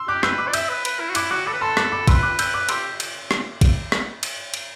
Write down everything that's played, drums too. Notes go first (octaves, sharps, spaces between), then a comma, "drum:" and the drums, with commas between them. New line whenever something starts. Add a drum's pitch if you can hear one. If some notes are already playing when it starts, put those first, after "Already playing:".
Already playing: C6 E6
G4 D6 F#6
B4 E6 G6, drum: rim click
D6 F#6
D5
E5 E6 G6, drum: cymbal
B4
B4, drum: cymbal
E4
F#4
E4 D6 F#6, drum: cymbal
F#4 D6 F#6
A4 B5 D6
B4
A4 A5 C6
D6 F#6, drum: rim click
B5 D6
B4 C6 E6, drum: kick, cymbal
D6 F#6
E6 G6, drum: cymbal
D6 F#6
G4 C6 E6, drum: cymbal
drum: cymbal
drum: rim click
drum: kick, cymbal
drum: rim click
drum: cymbal
drum: cymbal